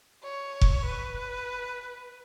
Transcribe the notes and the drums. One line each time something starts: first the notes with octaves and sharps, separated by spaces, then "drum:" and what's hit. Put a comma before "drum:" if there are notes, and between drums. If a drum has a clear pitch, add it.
C#5
drum: kick F1
B4